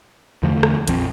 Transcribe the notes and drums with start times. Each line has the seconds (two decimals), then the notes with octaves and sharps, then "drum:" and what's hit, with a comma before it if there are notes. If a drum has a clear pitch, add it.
0.43 E2 D3 F3 A3
0.63 drum: rim click
0.88 A#1 F2 F3 C4, drum: hi-hat